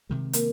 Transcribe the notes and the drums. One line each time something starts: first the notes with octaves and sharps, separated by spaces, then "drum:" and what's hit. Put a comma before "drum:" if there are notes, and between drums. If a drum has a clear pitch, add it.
C3 D#3 G#3
A#3 A#4, drum: hi-hat